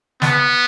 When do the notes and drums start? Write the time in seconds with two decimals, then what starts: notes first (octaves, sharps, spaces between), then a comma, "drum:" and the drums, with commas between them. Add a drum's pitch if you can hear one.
0.22 B3, drum: snare